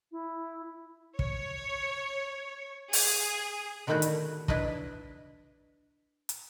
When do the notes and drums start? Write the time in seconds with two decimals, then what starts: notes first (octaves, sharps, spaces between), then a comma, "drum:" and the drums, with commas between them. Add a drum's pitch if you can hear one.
0.12 E4
1.19 C#5, drum: kick
2.93 G#4, drum: open hi-hat
3.87 D3 D#3 G3 A3 E4 F#4
4.02 drum: hi-hat
4.48 D4 E4 B4 D5 D#5, drum: kick
6.29 drum: hi-hat